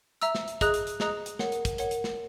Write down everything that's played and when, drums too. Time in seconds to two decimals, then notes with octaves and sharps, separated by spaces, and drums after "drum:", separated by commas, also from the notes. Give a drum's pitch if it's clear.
0.22 E5 A#5 E6, drum: hi-hat
0.35 drum: snare
0.48 drum: hi-hat
0.61 G#4 D#5 A#5 D#6 F#6, drum: kick, hi-hat
0.74 drum: hi-hat
0.87 drum: hi-hat
1.00 G#4 D#5 A#5 D#6 F#6, drum: snare
1.26 drum: hi-hat
1.39 A#4 C#5 F#5, drum: snare
1.52 drum: hi-hat
1.65 drum: kick, hi-hat
1.78 A#4 C#5 F#5, drum: hi-hat
1.91 drum: hi-hat
2.04 drum: snare